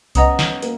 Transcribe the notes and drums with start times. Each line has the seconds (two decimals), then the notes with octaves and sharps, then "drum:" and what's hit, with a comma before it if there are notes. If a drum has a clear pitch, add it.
0.15 B3 C#4 D#5 F#5 A#5 D#6, drum: kick C2, hi-hat
0.39 drum: snare
0.62 A#3, drum: hi-hat